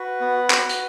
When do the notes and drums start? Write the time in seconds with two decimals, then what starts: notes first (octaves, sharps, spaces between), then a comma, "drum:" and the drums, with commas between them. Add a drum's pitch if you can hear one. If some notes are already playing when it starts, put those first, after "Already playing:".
Already playing: F#4 B4
0.20 B3
0.50 F#4, drum: clap
0.69 drum: hi-hat